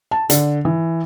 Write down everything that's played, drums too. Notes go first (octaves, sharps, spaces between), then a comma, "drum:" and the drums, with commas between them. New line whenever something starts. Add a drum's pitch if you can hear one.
A5
D3, drum: hi-hat
E3